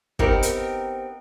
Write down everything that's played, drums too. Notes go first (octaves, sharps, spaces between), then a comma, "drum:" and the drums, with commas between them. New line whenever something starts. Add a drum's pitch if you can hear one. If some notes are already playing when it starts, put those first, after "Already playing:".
B3 C4 D#4 G4 A#4, drum: kick
drum: hi-hat